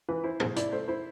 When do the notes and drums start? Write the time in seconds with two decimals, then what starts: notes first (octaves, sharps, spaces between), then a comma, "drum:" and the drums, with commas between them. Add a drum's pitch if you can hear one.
0.09 E3 B4
0.24 E4 C5
0.40 G#4 C5, drum: tom G#2
0.56 E4 D5, drum: hi-hat
0.72 A3 C5
0.88 E4 C5